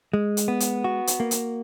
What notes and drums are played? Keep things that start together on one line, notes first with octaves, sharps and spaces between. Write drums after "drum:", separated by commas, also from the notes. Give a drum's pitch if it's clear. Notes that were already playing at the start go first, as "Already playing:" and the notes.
G#3
drum: hi-hat
B3
drum: hi-hat
F#4
drum: hi-hat
A#3
drum: hi-hat